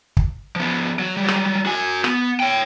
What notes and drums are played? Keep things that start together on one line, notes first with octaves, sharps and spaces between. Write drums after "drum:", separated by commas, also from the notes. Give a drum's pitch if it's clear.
drum: kick
F3 B3
F#3
F#3 G3
drum: rim click
F#4 G#5
B3, drum: rim click
C#5 G5